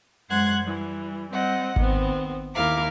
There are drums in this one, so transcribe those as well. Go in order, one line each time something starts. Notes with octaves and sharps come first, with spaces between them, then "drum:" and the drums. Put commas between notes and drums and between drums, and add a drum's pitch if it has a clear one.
F#2 G#3 C5 F#5 F#6 G#6
E3 G3
G3 C4 D#5 F#5
D#3 B3 C4, drum: kick G#1
D#2 E4 A#4 F5 D6